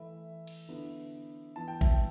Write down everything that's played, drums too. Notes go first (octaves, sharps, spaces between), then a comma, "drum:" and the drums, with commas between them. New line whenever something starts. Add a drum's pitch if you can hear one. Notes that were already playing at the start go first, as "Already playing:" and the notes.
Already playing: E3 A3 E4 E5
drum: cymbal
D3 B3 E4
E3 B3 E4 A5
G5
E5, drum: kick
G5